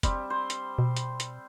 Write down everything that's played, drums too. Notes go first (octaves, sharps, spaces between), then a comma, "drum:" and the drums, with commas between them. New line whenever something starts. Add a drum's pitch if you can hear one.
G3 C4, drum: kick, hi-hat
C5
drum: hi-hat
B2
drum: hi-hat
drum: hi-hat